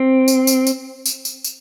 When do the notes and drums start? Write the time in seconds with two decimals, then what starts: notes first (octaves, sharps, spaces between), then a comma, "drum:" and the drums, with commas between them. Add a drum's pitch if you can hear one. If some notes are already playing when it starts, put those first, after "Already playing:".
Already playing: C4
0.28 drum: tambourine
0.47 drum: tambourine
0.67 drum: tambourine
1.06 drum: tambourine
1.25 drum: tambourine
1.44 drum: tambourine